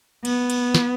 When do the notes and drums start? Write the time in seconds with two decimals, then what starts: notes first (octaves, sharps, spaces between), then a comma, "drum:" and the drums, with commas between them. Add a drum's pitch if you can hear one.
0.25 B3, drum: cymbal
0.50 drum: cymbal
0.74 drum: snare